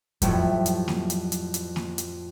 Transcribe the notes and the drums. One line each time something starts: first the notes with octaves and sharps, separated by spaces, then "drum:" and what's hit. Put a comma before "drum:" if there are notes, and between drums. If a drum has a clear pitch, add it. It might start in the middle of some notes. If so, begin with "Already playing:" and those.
F2 A2 F#3 G3 A3, drum: kick E2, hi-hat
drum: hi-hat
drum: snare A#3
drum: hi-hat
drum: hi-hat
drum: hi-hat
drum: snare A#3
drum: hi-hat